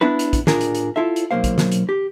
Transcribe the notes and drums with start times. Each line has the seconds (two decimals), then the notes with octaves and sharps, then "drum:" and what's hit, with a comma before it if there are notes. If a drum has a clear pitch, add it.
0.01 B3 D4 E4 B4
0.19 drum: hi-hat
0.33 drum: kick, hi-hat
0.47 A2 D4 F4 G#4 A#4 D5, drum: snare
0.61 drum: hi-hat
0.75 drum: hi-hat
0.96 E4 F4 A4 E5
1.16 drum: hi-hat
1.31 B1 F#3 A#3 C5 F5
1.44 drum: kick, hi-hat
1.58 drum: snare
1.72 drum: hi-hat
1.89 G4